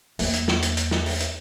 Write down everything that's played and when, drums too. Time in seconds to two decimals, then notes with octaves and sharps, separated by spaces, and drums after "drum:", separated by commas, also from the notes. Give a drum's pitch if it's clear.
0.19 E2 A#3, drum: open hi-hat
0.33 drum: hi-hat
0.48 drum: snare
0.62 drum: hi-hat
0.77 drum: hi-hat
0.91 drum: snare
1.06 drum: open hi-hat
1.20 drum: hi-hat